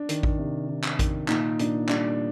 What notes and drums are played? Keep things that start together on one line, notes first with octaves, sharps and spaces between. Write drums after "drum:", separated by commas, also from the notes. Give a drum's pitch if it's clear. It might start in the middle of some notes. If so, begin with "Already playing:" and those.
Already playing: D4
D#3, drum: hi-hat
drum: kick A1
C3
D#3
drum: clap
D#3, drum: kick A1, hi-hat
A#2 D#4, drum: clap
A#2 D4, drum: hi-hat
G3 D4, drum: clap